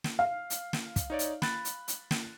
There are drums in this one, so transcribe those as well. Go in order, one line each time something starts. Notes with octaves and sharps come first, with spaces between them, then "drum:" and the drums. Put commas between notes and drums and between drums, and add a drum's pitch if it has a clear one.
drum: snare
F5
drum: hi-hat
drum: snare
drum: kick, hi-hat
D#4 C#5 D5
drum: hi-hat
B5 F#6 A6, drum: snare
drum: hi-hat
drum: hi-hat
drum: snare